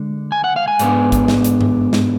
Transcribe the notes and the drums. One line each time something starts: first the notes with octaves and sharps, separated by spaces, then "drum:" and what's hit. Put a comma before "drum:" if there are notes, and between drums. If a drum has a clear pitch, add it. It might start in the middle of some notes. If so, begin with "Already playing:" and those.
Already playing: D3 G#3 D4
G#5
F#5
F5
G#5
G#2 F#3 B3 D4, drum: hi-hat
drum: kick, hi-hat
drum: snare
drum: hi-hat
drum: tom G2
drum: snare